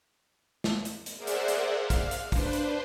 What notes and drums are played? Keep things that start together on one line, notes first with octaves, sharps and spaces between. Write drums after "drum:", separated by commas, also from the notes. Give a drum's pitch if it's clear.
drum: snare
drum: hi-hat
drum: hi-hat
G#4 A#4 C5 D5 E5 F#5
drum: hi-hat
drum: hi-hat
F5
drum: kick, hi-hat
drum: hi-hat
D4 B4 C5, drum: kick, open hi-hat
drum: hi-hat